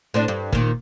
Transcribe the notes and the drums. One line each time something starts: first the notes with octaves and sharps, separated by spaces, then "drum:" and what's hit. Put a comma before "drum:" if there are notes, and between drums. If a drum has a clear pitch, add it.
A2 C4 D4
G2
A#2 D#3, drum: kick